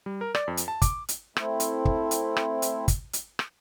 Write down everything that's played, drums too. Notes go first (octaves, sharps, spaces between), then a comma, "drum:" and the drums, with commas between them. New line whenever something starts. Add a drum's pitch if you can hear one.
G3
A#4
D5, drum: rim click
F2
drum: hi-hat
A5
D6, drum: kick, hi-hat
drum: hi-hat
A3 C4 E4, drum: rim click
drum: hi-hat
drum: kick
drum: hi-hat
drum: rim click
drum: hi-hat
drum: kick, hi-hat
drum: hi-hat
drum: rim click